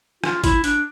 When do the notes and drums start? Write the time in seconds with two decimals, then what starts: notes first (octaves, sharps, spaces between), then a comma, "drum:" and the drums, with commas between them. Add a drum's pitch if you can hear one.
0.24 F4, drum: rim click
0.44 E4, drum: kick G#1, hi-hat
0.64 D4, drum: hi-hat